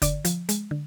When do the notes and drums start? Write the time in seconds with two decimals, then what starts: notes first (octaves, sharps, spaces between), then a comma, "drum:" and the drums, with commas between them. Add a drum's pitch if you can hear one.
0.02 D3 D5, drum: kick, hi-hat
0.25 F3, drum: hi-hat
0.49 G#3, drum: hi-hat
0.71 D3